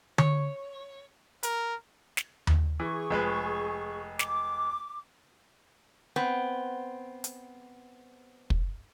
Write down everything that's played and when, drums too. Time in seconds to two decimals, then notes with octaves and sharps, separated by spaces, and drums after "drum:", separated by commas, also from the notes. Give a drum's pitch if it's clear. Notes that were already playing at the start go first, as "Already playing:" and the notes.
0.18 C#5, drum: tom D3
1.43 A#4, drum: hi-hat
2.17 drum: snare
2.47 drum: tom D#2
2.80 E3 G#4 C#6
3.10 F1 G#3 B4
4.19 D6, drum: snare
6.16 B3 C4
7.24 drum: hi-hat
8.50 drum: kick